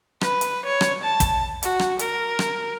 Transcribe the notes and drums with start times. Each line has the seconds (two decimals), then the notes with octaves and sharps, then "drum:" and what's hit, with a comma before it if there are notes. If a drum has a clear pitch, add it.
0.21 B4, drum: rim click
0.41 drum: hi-hat
0.65 C#5
0.81 drum: rim click
1.04 A5
1.20 drum: kick, hi-hat
1.63 F#4, drum: hi-hat
1.79 drum: rim click
1.99 A#4, drum: hi-hat
2.39 drum: rim click